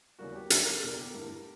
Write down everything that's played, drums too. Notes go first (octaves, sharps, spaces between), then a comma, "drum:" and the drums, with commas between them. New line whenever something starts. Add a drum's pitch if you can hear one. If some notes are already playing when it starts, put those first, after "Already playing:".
E2 C#3 G3 A#3 F#4
G4
C#3 F#3 C#4 G4, drum: hi-hat
A#4
E2 B2 A#3 D4 A#4
G4
G2 D3 A#3 E4